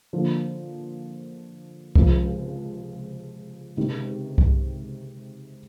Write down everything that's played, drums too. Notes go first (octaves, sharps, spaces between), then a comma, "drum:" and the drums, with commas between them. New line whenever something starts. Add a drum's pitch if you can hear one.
D3 F3 A#3
C#2 C3 F3, drum: kick C2
C#2 C3 D#3
drum: kick C2